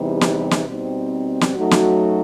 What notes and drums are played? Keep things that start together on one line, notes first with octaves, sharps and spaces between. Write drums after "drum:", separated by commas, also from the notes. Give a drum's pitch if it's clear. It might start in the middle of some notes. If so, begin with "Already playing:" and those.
Already playing: E2 C3 E3 G3 D#4
drum: snare
drum: snare
B2 G3 C4 D#4
drum: snare
F#2 F#3 A3 D#4 F#4
drum: snare